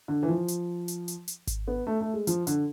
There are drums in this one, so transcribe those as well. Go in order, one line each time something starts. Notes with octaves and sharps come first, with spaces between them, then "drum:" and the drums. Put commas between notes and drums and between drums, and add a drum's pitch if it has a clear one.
D3
E3
F3
drum: hi-hat
drum: hi-hat
drum: hi-hat
drum: hi-hat
drum: kick G#1, hi-hat
B3
A3
A3
G#3
F3, drum: hi-hat
D3, drum: hi-hat